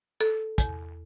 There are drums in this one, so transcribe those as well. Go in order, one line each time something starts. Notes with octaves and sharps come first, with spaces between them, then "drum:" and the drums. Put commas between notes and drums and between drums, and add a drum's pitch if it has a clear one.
A4
E2, drum: kick, hi-hat